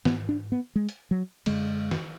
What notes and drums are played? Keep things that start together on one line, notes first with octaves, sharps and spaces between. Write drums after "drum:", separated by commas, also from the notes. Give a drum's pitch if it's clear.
G#2 B3, drum: snare
D4
B3
G#3
drum: hi-hat
F#3
F#2 D3 G#3, drum: cymbal
drum: snare